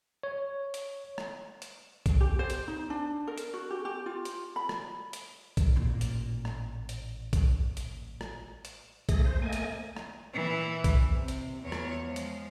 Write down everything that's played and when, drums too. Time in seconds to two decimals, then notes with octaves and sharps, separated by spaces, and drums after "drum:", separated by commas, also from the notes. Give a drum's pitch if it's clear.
0.23 C#5
0.74 drum: hi-hat
1.18 drum: rim click
1.62 drum: hi-hat
2.06 drum: kick B1, hi-hat
2.21 G4
2.39 C5
2.50 drum: hi-hat
2.68 D#4
2.90 D4
3.27 A#4
3.38 drum: hi-hat
3.54 F#4
3.70 G4
3.85 G4
4.06 F4
4.25 drum: hi-hat
4.56 B5
4.69 drum: rim click
5.13 drum: hi-hat
5.57 drum: kick B1, hi-hat
5.76 A1 A#2
6.01 drum: hi-hat
6.45 drum: rim click
6.89 drum: hi-hat
7.33 drum: kick B1, hi-hat
7.77 drum: hi-hat
8.21 drum: rim click
8.65 drum: hi-hat
9.09 A3 G#4 A#6, drum: kick B1, hi-hat
9.25 C5
9.42 A3 A#3 D#5 G#5
9.53 drum: hi-hat
9.96 drum: rim click
10.33 A#2 E3
10.84 drum: kick B1, hi-hat
11.11 C3
11.28 drum: hi-hat
11.63 E2 C#5
11.72 drum: rim click
12.05 F3 G#3
12.16 drum: hi-hat